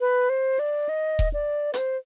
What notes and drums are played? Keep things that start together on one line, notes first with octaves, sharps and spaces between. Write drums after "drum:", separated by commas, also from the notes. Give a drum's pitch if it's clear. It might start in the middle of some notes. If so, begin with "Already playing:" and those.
B4
C5
D5
D#5
drum: kick D#1
D5
B4, drum: hi-hat
C5